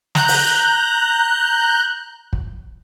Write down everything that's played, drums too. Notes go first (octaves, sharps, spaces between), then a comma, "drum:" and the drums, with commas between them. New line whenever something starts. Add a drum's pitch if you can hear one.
A#5 F#6 G6, drum: snare
drum: open hi-hat
drum: kick